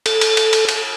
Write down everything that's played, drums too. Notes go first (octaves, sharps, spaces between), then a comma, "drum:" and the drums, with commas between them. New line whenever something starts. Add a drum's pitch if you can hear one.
A4, drum: cymbal
drum: cymbal
drum: cymbal
drum: cymbal
drum: cymbal